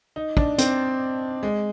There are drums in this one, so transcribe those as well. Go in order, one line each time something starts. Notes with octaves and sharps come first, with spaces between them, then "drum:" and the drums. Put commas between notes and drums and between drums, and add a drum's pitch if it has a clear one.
D#4
D4, drum: kick
C4, drum: hi-hat
G#3